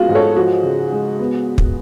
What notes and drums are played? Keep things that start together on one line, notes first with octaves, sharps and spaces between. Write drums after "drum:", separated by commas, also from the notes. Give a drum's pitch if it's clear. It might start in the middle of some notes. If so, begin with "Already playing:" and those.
Already playing: G#3 B3 C#4 F4 F#4
G#2
A4 C#5
F3 F#4
C#3
G#3
B3
drum: kick